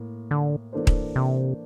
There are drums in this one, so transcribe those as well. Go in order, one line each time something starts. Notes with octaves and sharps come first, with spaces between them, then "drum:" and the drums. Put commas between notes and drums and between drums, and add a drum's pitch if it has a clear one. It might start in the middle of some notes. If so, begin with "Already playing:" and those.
Already playing: A2 A#3
D3
E3 A#3 D4 A4 C5
drum: kick D#1
C3